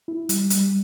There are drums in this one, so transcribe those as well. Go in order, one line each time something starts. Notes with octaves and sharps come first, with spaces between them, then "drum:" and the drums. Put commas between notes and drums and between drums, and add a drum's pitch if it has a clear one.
E4
G3, drum: hi-hat
G3, drum: hi-hat